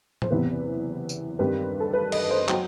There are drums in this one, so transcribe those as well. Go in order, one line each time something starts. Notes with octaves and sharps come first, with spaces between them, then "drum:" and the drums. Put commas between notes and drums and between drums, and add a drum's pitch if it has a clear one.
C5, drum: tom A2
F#1 E2 C3 E3 B3 B4
drum: tambourine
G2 D#3 G3 C4 B4
A4
B4
D#5, drum: cymbal
C5
F#3 G5, drum: clap